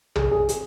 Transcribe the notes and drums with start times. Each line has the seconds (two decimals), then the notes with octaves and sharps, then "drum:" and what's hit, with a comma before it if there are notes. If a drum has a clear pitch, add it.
0.15 G#4, drum: tom
0.31 G#4
0.49 G#4, drum: hi-hat